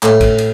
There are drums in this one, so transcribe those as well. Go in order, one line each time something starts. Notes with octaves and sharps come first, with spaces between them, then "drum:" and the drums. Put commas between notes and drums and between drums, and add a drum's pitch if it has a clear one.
A2, drum: clap
drum: kick, cymbal
drum: cymbal